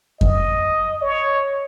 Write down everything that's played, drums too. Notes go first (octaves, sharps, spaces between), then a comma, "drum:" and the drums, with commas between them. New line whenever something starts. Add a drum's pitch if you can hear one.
D#5, drum: kick F2
C#5